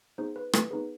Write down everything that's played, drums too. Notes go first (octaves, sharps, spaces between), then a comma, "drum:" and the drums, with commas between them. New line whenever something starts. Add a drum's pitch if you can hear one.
B3 D#4 G#4 C5
B4
B4, drum: rim click
B3 D#4 G#4 B4